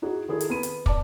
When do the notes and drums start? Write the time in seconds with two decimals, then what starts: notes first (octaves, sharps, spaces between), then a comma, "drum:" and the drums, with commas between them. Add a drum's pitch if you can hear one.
0.02 D#4 E4 F#4 G#4
0.28 D#3 E4 G#4 A4
0.41 drum: hi-hat
0.50 B3 B5 D#7
0.63 drum: hi-hat
0.86 D5 A5 D6, drum: kick